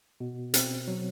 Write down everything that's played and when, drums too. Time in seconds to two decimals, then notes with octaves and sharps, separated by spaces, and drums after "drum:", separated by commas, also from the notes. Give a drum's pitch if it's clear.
0.20 B2
0.54 C4, drum: hi-hat
0.88 F#3